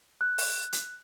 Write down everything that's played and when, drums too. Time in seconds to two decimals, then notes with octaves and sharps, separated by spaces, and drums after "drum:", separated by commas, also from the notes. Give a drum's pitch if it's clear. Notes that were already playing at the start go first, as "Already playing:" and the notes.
0.21 F#6
0.38 drum: open hi-hat
0.73 drum: hi-hat